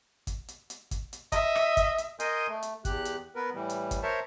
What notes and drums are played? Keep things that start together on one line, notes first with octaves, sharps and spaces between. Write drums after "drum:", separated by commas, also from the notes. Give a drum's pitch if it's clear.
drum: kick, hi-hat
drum: hi-hat
drum: hi-hat
drum: kick, hi-hat
drum: hi-hat
D#5 E5, drum: kick, hi-hat
drum: rim click
drum: kick, hi-hat
drum: hi-hat
A#4 D#5 G#5 C6 D#6 G6, drum: hi-hat
A3
drum: hi-hat
E2 G4 F#6, drum: kick, hi-hat
drum: hi-hat
B3 A#4 B4
A2 E3 G3
drum: hi-hat
drum: kick, hi-hat
A#4 C5 C#5 E5 A5